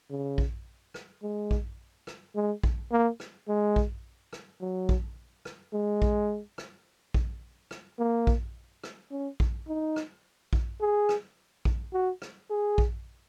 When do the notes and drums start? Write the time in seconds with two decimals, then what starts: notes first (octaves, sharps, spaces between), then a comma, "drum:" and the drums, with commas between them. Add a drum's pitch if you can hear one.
0.10 C#3
0.38 drum: kick A#1
0.94 drum: rim click
1.23 G#3
1.51 drum: kick A#1
2.07 drum: rim click
2.35 G#3
2.63 drum: kick A#1
2.92 A#3
3.20 drum: rim click
3.48 G#3
3.76 drum: kick A#1
4.33 drum: rim click
4.61 F#3
4.89 drum: kick A#1
5.45 drum: rim click
5.73 G#3
6.02 drum: kick A#1
6.58 drum: rim click
7.14 drum: kick A#1
7.71 drum: rim click
7.99 A#3
8.27 drum: kick A#1
8.84 drum: rim click
9.11 C#4
9.40 drum: kick A#1
9.68 D#4
9.96 drum: rim click
10.53 drum: kick A#1
10.81 G#4
11.09 drum: rim click
11.65 drum: kick A#1
11.93 F#4
12.22 drum: rim click
12.50 G#4
12.78 drum: kick A#1